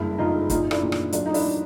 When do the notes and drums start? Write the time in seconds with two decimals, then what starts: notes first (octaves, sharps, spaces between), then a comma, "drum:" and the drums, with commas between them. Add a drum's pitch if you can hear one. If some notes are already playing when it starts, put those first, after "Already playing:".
Already playing: F#1 G2 E4
0.18 F#1 D#4 F4
0.50 A#2 D#4 F4, drum: kick, hi-hat
0.71 D4 E4, drum: rim click
0.82 A#2
0.92 drum: rim click
1.12 F#3 D4, drum: hi-hat
1.26 D#4
1.34 D4 E4, drum: open hi-hat